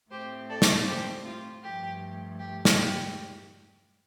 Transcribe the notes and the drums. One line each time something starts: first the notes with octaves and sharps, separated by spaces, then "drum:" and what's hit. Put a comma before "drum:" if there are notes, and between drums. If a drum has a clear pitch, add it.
A2 A3 C4 G4 C5
A4 D5
drum: snare
G4 C5
F4
G2 F3 A3 G4
G4
drum: snare
G4